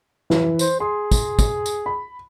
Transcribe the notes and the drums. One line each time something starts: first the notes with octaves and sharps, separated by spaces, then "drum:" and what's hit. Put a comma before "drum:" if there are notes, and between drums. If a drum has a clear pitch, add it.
E3 E4 B4, drum: snare
C5, drum: tambourine
G#4 C6
drum: kick, tambourine
drum: kick, tambourine
drum: tambourine
B5